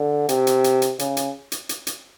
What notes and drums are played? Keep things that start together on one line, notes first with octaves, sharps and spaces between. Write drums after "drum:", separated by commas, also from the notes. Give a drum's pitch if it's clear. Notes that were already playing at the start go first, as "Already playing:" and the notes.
Already playing: D3
C3, drum: hi-hat
drum: hi-hat
drum: hi-hat
drum: hi-hat
C#3, drum: hi-hat
drum: hi-hat
drum: hi-hat
drum: hi-hat
drum: hi-hat